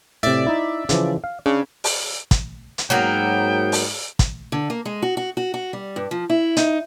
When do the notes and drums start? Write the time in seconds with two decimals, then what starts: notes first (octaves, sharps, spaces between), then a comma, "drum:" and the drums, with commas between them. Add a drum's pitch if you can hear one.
0.23 A2 C3 D5 E5
0.47 D#4 E4
0.89 C#3 E3 F3, drum: hi-hat
1.24 F5
1.46 C#3 D4
1.84 drum: open hi-hat
2.31 drum: kick, hi-hat
2.78 drum: hi-hat
2.90 G#2 F#3 A#3 B3 G5
3.72 drum: open hi-hat
4.19 drum: kick, hi-hat
4.52 D3
4.70 A#3
4.85 G#3
5.02 F#4
5.17 F#4
5.37 F#4
5.54 F#4
5.73 G3
5.96 G2
6.11 F3
6.30 E4
6.57 D#4, drum: hi-hat